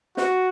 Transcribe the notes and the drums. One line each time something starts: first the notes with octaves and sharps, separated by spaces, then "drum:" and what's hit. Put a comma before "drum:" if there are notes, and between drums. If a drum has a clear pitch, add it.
F#4, drum: snare